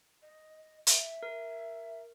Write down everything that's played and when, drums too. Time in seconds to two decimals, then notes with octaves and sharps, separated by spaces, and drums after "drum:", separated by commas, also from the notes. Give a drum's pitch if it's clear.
0.22 D#5
0.87 E5, drum: hi-hat
1.23 A#4